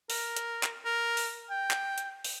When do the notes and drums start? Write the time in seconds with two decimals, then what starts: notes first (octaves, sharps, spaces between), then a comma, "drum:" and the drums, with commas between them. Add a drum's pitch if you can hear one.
0.10 A#4, drum: open hi-hat
0.36 drum: hi-hat
0.63 drum: clap
0.85 A#4
1.17 drum: open hi-hat
1.50 G5
1.71 drum: clap
1.98 drum: hi-hat
2.24 drum: open hi-hat